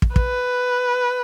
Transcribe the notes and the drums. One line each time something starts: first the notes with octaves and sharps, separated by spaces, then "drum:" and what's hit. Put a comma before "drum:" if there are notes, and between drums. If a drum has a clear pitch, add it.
drum: kick
B4, drum: kick